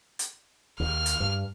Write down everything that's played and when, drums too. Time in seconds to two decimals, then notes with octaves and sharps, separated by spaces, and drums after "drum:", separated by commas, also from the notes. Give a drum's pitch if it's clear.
0.19 drum: hi-hat
0.80 D#2 F6
1.06 drum: hi-hat
1.20 G2